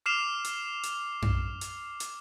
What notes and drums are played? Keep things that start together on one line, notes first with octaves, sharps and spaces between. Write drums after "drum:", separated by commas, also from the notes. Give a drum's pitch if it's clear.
D6 F6 C7 E7 F7
drum: hi-hat
drum: hi-hat
drum: tom F#2
drum: hi-hat
drum: hi-hat